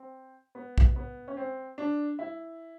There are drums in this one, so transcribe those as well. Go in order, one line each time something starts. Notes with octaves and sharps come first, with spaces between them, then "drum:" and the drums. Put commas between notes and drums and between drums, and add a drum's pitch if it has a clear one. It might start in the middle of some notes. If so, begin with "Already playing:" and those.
Already playing: C4
B3
drum: kick B1
B3
C#4
C4
D4
E4